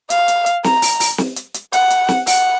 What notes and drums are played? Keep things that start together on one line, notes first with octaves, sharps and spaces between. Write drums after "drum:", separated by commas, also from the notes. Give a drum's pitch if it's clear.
F5, drum: hi-hat
drum: hi-hat
drum: hi-hat
A#5, drum: snare
drum: open hi-hat
drum: open hi-hat
drum: snare
drum: hi-hat
drum: hi-hat
F#5, drum: hi-hat
drum: hi-hat
drum: snare
F#5, drum: open hi-hat